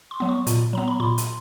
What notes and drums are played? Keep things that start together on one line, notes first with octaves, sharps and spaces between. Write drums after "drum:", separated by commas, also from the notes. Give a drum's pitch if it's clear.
C6
F#3 B3
C#6
A#2, drum: hi-hat
F#3 B3 A#5
B5
A#2 C6
drum: hi-hat